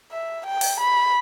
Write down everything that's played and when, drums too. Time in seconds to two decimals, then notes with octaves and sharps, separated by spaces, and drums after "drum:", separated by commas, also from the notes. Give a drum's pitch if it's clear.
0.12 E5
0.46 G5
0.61 drum: open hi-hat
0.80 B5